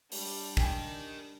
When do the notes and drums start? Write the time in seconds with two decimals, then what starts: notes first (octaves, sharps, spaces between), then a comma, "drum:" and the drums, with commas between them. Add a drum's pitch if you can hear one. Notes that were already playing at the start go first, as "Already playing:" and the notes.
0.12 G3 D4, drum: open hi-hat
0.57 A#4 D#5 G5 G#5, drum: kick